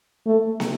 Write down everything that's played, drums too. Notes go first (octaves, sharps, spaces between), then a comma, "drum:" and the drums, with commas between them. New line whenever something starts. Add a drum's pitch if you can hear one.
A3
drum: snare